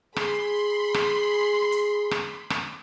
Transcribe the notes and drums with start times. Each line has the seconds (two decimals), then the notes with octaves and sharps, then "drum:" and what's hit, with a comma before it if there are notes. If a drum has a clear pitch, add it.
0.16 G#4 B5 C6, drum: rim click
0.94 drum: rim click
1.72 drum: hi-hat
2.11 drum: rim click
2.50 drum: rim click